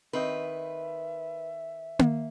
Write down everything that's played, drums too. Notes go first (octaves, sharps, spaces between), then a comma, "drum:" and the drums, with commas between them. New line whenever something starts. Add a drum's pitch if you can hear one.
D#3 C4 B4 D#5 E5
drum: tom A#3